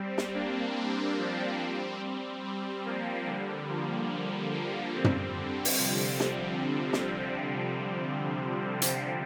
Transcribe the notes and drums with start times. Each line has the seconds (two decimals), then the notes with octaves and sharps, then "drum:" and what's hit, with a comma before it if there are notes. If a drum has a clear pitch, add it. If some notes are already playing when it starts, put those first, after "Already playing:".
Already playing: G3 C4
0.18 drum: snare
0.34 A#3 D4
0.75 G3 C4
1.17 F3 A#3
1.60 G3 C4
2.01 G3 C4
2.44 G3 C4
2.85 F3 A#3
3.27 D3 G3
3.69 F3 A#3
4.11 D3 G3
4.53 F3 A#3
4.95 G3 C4
5.04 drum: tom
5.36 D3
5.65 drum: open hi-hat
5.78 C3 F3
6.20 D3 G3, drum: snare
6.93 drum: snare
8.82 drum: hi-hat